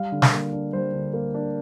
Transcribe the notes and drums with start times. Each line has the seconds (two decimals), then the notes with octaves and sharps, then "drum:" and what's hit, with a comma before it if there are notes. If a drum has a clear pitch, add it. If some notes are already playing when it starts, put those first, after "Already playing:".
Already playing: G3 F5
0.12 D3
0.22 drum: snare
0.33 A#3
0.53 D4
0.73 G3 C5
0.94 D3
1.14 A#3
1.34 D4